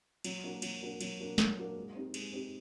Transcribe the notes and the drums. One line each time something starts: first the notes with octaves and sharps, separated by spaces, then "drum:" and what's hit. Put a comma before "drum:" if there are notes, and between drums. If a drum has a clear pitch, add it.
F#3, drum: cymbal
A#3 D4 F#4 A#4
F#3, drum: cymbal
A#3 D4 F#4 A#4
F#3, drum: cymbal
A#3 D4 F#4 A#4
F#3, drum: snare
A#3 D4 F#4 A#4
G#3
C4 D#4 G4
G#3, drum: cymbal
C4 D#4 G4